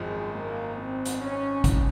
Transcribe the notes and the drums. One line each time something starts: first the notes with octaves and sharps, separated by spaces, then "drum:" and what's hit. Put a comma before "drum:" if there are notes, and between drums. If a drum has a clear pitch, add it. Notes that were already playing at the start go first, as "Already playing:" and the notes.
Already playing: G#1 F#2 F3 G#3
A#3
C4
drum: hi-hat
C#4
drum: kick G#1, hi-hat